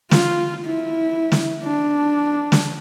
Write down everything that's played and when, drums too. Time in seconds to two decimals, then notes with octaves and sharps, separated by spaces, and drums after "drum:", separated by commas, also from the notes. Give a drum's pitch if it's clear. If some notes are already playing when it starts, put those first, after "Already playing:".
0.11 F4, drum: snare
0.66 E4
1.32 drum: snare
1.64 D4
2.52 drum: snare